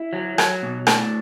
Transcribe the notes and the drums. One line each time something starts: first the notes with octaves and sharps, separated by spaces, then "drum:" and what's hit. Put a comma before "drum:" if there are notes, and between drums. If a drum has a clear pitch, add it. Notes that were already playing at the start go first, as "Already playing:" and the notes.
Already playing: E4
F#3
F#3, drum: rim click
B2
A2 D4, drum: rim click